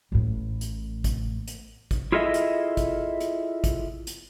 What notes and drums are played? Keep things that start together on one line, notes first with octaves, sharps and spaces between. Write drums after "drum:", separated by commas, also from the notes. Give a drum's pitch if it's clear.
A1 A2
drum: hi-hat
drum: kick, hi-hat
drum: hi-hat
drum: kick, hi-hat
E4 F4 G#4 A4 D#5 E5
drum: hi-hat
drum: kick, hi-hat
drum: hi-hat
drum: kick, hi-hat
drum: hi-hat